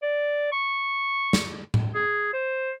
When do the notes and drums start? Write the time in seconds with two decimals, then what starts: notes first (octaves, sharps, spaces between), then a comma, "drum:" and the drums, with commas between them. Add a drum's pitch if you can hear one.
0.03 D5
0.52 C#6
1.33 drum: snare
1.74 drum: tom A2
1.95 G#4
2.33 C5